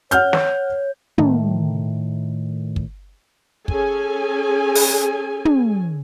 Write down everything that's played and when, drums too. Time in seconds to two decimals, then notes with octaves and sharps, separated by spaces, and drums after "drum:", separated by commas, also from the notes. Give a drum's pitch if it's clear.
0.11 C#5 F#5 F6 G6, drum: hi-hat
0.33 drum: snare
1.18 A2 D#3 A3, drum: tom
2.76 drum: kick
3.68 C#4 G#4 A4 G#5, drum: kick
4.75 drum: open hi-hat
5.45 drum: tom